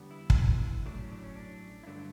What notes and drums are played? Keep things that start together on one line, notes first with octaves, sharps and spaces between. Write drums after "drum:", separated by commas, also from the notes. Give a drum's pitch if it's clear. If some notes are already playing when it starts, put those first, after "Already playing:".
Already playing: E2 D3 G3 B3
E4
drum: kick
A2 F#3 A3 D4
C#4
D4
C#4
D4
E4
G2 D3 F#3 A3 D4